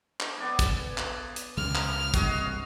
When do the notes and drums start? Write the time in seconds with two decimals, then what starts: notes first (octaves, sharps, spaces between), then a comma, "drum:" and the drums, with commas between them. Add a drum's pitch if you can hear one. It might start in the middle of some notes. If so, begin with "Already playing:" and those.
0.20 drum: clap
0.38 B3 D5 G#5
0.59 drum: kick, hi-hat
0.98 drum: clap
1.36 drum: hi-hat
1.57 C#2 C#3 G#3 F6
1.75 drum: clap
2.14 C2 G2 C3 F#4 G#4 D#5, drum: kick, hi-hat